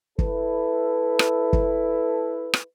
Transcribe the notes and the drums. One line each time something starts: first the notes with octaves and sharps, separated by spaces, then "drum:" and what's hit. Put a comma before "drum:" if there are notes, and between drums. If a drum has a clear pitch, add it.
E4 A4 B4, drum: kick
drum: rim click
drum: kick
drum: rim click